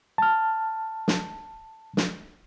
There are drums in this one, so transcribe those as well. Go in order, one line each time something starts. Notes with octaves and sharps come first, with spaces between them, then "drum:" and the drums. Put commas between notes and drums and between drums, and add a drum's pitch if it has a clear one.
A5 F6
drum: snare
drum: snare